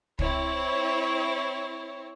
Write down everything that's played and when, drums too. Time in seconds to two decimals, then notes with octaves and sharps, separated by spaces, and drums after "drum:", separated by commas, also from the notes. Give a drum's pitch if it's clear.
0.19 C4 E4 C#5, drum: kick